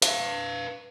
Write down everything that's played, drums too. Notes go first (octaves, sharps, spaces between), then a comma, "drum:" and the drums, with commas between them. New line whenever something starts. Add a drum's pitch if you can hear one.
B4 F5, drum: hi-hat